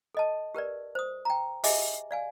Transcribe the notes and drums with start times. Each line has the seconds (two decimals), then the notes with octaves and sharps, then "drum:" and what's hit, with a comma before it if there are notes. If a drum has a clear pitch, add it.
0.15 A4 D#5 A5
0.55 G4 A#4 B4 D5
0.95 C5 D#6
1.25 G5 A#5
1.64 G4 G#4 D#5 E5 G#5, drum: open hi-hat
2.11 D5 F5 G#5